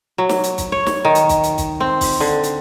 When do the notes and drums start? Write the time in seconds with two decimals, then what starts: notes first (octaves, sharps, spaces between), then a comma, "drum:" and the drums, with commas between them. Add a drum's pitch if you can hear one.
0.18 F#3
0.29 drum: snare
0.44 drum: hi-hat
0.58 drum: kick, hi-hat
0.72 C#5
0.87 drum: snare
1.05 D#3
1.15 drum: hi-hat
1.29 drum: kick, hi-hat
1.44 drum: hi-hat
1.58 drum: kick, hi-hat
1.80 C4
2.01 drum: kick, open hi-hat
2.21 D3
2.44 drum: hi-hat